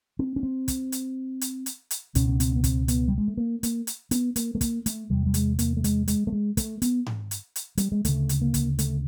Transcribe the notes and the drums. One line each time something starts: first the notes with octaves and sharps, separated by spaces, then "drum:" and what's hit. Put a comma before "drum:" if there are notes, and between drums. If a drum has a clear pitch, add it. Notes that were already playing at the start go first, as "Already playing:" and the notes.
C4
C#4
C4
drum: kick, hi-hat
drum: hi-hat
drum: hi-hat
drum: hi-hat
drum: hi-hat
C#2 B2 C#4, drum: hi-hat
C#4
C4, drum: hi-hat
B3
C4, drum: kick, hi-hat
B3, drum: hi-hat
G3
G#3
A3
A#3
A#3, drum: hi-hat
drum: hi-hat
B3, drum: hi-hat
A#3, drum: hi-hat
A3
A#3, drum: kick, hi-hat
A3, drum: hi-hat
E2 C3 G3
G3
G#3, drum: hi-hat
A#3, drum: hi-hat
A3
G#3, drum: hi-hat
G#3, drum: hi-hat
A3
G#3
A3, drum: kick, hi-hat
B3, drum: hi-hat
drum: tom G#2
drum: hi-hat
drum: hi-hat
G3, drum: hi-hat
G#3
D2 C#3 A3, drum: hi-hat
drum: hi-hat
A#3
drum: kick, hi-hat
A3, drum: hi-hat